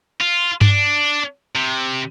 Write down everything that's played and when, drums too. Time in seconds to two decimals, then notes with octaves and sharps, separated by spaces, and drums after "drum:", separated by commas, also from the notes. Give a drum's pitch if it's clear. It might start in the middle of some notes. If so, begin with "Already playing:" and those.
0.20 F4
0.61 D4, drum: tom G2
1.56 C3